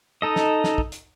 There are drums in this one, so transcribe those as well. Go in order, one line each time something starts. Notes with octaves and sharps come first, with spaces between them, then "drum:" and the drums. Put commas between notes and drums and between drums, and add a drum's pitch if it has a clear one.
D#4 A4 D#5
drum: snare
drum: snare
drum: kick
drum: hi-hat